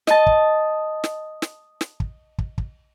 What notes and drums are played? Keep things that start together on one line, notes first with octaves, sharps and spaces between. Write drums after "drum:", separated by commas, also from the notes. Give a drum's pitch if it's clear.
D#5 A5, drum: snare
drum: kick
drum: snare
drum: snare
drum: snare
drum: kick
drum: kick
drum: kick